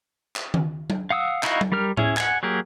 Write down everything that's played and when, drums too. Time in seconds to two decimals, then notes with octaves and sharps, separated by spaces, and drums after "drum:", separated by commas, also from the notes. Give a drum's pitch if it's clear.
0.36 drum: clap
0.54 drum: tom D#3
0.90 drum: tom F#3
1.10 F5 F#5 D#6 E6
1.43 D#4 E4 F#4 D#5 F5, drum: clap
1.61 drum: tom F#3
1.72 G3 G4 A#4 F6
1.97 C#4 E4 G#4, drum: tom A2
2.17 F#5 G#5, drum: clap
2.43 F#3 A#3 G4 G#4 A#4